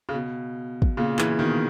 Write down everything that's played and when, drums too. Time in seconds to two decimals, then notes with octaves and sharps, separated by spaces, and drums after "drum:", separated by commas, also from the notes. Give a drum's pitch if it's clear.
0.09 C#3
0.14 B2
0.82 drum: kick
0.97 A#2 C#3
1.19 C#3 E3, drum: clap
1.39 B2 D#3